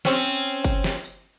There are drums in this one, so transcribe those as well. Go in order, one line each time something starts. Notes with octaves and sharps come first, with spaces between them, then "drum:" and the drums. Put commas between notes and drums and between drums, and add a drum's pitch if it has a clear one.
C4 C#4, drum: snare
drum: tambourine
drum: tambourine
drum: kick F#1, tambourine
drum: snare
drum: tambourine